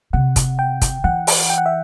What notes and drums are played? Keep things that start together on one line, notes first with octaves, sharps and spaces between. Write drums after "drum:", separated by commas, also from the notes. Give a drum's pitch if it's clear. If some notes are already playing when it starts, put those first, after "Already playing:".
C3 F#5
drum: kick, hi-hat
G5
drum: kick, hi-hat
E3 F#5
drum: open hi-hat
G5
F#5
E5